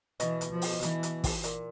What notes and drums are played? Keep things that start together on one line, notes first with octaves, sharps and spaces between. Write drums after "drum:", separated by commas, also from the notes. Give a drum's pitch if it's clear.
B2 E3, drum: hi-hat
drum: hi-hat
F3
drum: open hi-hat
E3, drum: hi-hat
drum: hi-hat
drum: kick, open hi-hat
A#2, drum: hi-hat